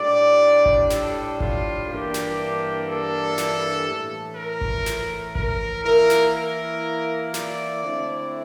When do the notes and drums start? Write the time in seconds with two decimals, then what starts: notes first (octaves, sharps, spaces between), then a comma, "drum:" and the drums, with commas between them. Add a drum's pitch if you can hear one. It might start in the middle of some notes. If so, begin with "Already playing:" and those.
Already playing: A2 G3 D4 D5
0.66 drum: kick G#1
0.90 A4, drum: snare
1.40 F4, drum: kick G#1
1.89 G2 E3 G3 A#3 D4 G4
2.14 drum: snare
2.89 A4
3.38 drum: snare
3.87 A2 E3 A3
4.36 A#4
4.61 drum: kick G#1
4.86 drum: snare
5.35 A#4, drum: kick G#1
5.85 E3 A#3 E4 A#4
6.10 drum: snare
6.34 A#4
7.34 D5, drum: snare
7.83 D3 A3 C4 E4